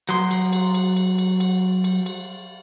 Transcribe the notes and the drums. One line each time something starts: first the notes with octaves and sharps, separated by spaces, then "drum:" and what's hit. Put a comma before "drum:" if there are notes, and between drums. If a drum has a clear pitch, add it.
F#3 C6
drum: cymbal
drum: cymbal
drum: cymbal
drum: cymbal
drum: cymbal
drum: cymbal
drum: cymbal
drum: cymbal